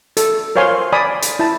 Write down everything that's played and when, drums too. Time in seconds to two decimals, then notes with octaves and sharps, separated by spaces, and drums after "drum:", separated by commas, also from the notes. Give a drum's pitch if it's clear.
0.17 A4, drum: hi-hat
0.56 A#4 C5 C#5 F5 G#5 C6
0.92 D5 G#5 B5 D#6
1.22 drum: hi-hat
1.39 E4 A5